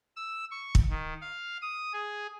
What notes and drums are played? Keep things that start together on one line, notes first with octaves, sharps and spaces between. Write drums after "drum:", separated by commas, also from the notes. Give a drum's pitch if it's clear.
E6
C#6
drum: kick
D#3
F5
D#6
G#4